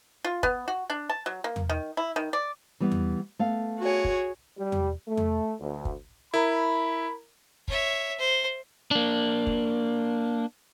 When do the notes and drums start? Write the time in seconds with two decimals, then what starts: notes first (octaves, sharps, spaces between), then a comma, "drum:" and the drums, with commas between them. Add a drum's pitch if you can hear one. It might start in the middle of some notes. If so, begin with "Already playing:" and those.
0.25 F4
0.43 B3, drum: kick
0.68 F#4
0.90 D4
1.09 A5
1.26 F#3
1.44 A#3
1.56 drum: tom E2
1.69 D#3
1.97 E4
2.16 D#3
2.33 D5
2.80 E3 G3 B3
2.92 drum: tom E2
3.39 A3 B3 F5
3.79 F#4 G#4 C#5
4.04 drum: kick
4.59 G3
4.72 drum: tom E2
5.08 A3
5.17 drum: tom E2
5.60 D2
5.85 drum: kick
6.34 E4 A#4 A#5 B5
7.68 C#5 E5, drum: kick
8.19 C5
8.91 A#3 D4
9.47 drum: kick